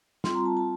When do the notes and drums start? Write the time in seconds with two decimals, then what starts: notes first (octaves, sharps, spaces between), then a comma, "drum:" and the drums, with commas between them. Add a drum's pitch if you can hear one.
0.24 G3 C4 F4 C6, drum: snare
0.35 A#5
0.46 A5
0.57 A5